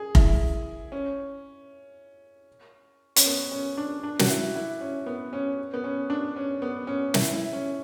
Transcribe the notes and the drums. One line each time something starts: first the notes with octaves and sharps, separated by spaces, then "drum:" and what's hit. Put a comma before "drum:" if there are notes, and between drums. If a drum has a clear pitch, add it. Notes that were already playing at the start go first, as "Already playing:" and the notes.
Already playing: G#4
E4, drum: kick F1
C#4
C#4, drum: hi-hat
B3
C#4
D4
D4
F#4, drum: snare
E4
E4
C#4
B3
C#4
B3
C#4
D4
C#4
B3
C#4
E4, drum: snare
E4
C#4